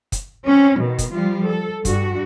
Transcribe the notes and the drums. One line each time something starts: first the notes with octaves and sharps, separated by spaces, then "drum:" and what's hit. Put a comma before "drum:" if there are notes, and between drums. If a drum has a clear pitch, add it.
drum: kick, hi-hat
C4 C#4
B2 D#3
drum: kick, hi-hat
F3 G3 F4
A4
G2 F#4, drum: kick, hi-hat